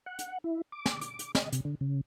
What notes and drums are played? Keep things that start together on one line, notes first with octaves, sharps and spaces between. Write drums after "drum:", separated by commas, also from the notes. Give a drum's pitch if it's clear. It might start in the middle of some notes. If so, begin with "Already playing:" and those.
F#5
drum: hi-hat
E4
D6
drum: snare
D6, drum: hi-hat
drum: hi-hat
D#5, drum: snare
C3, drum: hi-hat
D3
C#3